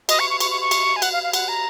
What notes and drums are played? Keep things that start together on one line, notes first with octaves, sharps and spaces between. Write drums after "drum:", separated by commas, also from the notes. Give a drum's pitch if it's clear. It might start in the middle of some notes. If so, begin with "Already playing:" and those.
D#5, drum: cymbal
C#6
C#6
C#6, drum: cymbal
C#6
C#6
drum: cymbal
G#5
F#5, drum: cymbal
F5
F5
F#5, drum: cymbal
A#5